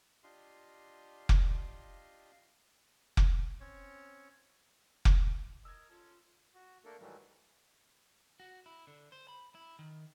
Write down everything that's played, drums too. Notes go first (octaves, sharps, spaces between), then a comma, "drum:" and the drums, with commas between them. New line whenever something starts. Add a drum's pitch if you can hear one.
D4 F4 G4 D#5 F5 C6
drum: kick F1
drum: kick F1
C4 C#4 C#5 C#6
drum: kick F1
A#4 D#5 E6 G#6
C#4 F4 A4
F#4
A3 A#3 D4 A4 A#4
G#2 D#3 E3 F#3 G3 A3
F#4
E4
D3
C5
B5
E4
D#3